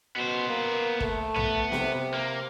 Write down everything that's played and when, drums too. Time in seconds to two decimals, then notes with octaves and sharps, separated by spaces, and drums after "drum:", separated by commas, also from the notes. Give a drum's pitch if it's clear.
0.16 B2 B3 C5
0.49 A#3
1.00 A3, drum: kick
1.36 B3, drum: tom A#1
1.72 C3, drum: snare B3
2.14 A#3